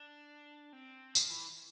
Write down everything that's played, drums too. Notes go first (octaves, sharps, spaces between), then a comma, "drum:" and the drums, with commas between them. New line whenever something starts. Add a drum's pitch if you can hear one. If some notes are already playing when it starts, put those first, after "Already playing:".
Already playing: D4
C4
F3, drum: tambourine
E3